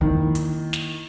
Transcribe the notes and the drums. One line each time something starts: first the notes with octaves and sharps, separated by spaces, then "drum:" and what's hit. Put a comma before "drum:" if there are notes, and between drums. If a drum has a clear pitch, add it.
D#3 A#3 E4
drum: hi-hat
drum: snare